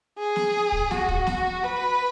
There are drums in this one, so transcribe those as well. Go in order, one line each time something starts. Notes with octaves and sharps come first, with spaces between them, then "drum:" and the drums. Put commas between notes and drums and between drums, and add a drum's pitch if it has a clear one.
G#4
drum: snare
drum: kick
F#4, drum: snare
drum: kick
drum: snare
B4